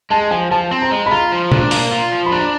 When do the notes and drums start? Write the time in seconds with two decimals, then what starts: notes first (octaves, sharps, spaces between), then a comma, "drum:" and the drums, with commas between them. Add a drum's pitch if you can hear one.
0.10 G#3 A5
0.31 F3 G#5
0.51 F3 A5
0.71 C4
0.82 A#5
0.91 G#3
1.06 B5
1.11 F4 A#5
1.32 F3
1.52 D4, drum: tom B2
1.71 A#3, drum: open hi-hat
1.91 F4
2.12 F3
2.26 B5
2.32 D4 A#5